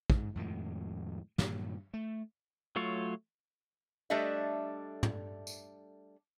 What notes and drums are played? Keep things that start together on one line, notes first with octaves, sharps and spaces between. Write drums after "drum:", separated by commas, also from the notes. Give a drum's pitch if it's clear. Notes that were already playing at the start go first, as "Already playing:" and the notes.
G#2, drum: kick
F2 A2 D#3 G#3
G2 A#2 D#3 F#3, drum: snare
A3
F#3 A3 F4 C#5
G3 A3 D4 A4 D#5 E5
drum: tom
drum: tambourine